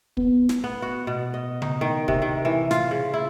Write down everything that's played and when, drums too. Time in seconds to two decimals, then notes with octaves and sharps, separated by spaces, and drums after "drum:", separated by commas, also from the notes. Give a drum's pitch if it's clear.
0.17 B3, drum: kick
0.49 drum: snare
0.64 B3
0.82 F#4
1.07 B2
1.34 D#5
1.62 D#4, drum: tom C#3
1.81 D#3
2.08 C3, drum: kick
2.22 D#3
2.45 E3
2.71 F4, drum: snare
2.91 C#3
3.14 E4